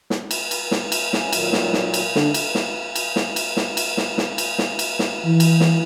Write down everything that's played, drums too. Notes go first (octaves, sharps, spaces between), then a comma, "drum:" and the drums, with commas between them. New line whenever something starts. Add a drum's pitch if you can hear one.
drum: snare
drum: cymbal
drum: cymbal
drum: snare
drum: cymbal
C#4, drum: snare
A#2 D#3 F#3, drum: cymbal
drum: snare
drum: snare
drum: cymbal
D3, drum: snare
drum: cymbal
drum: snare
drum: cymbal
drum: snare
drum: cymbal
drum: snare
drum: cymbal
drum: snare
drum: snare
drum: cymbal
drum: snare
drum: cymbal
drum: snare
E3
drum: cymbal
drum: snare